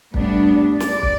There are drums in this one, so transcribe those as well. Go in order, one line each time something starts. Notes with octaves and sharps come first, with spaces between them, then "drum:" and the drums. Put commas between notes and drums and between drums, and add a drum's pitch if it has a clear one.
A2 G3 B3 D4, drum: kick
D5, drum: snare
drum: kick